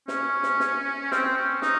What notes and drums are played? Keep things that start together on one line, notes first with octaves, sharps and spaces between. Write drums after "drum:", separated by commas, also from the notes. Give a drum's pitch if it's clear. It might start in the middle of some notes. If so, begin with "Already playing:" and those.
C#4, drum: snare
drum: snare
drum: snare
C4, drum: snare
C#4
D#4, drum: snare